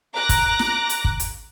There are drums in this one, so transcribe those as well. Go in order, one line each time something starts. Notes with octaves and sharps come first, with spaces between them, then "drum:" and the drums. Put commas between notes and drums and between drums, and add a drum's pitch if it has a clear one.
A#5 D6 F#6 A#6
drum: kick, hi-hat
drum: snare
drum: hi-hat
drum: kick
drum: hi-hat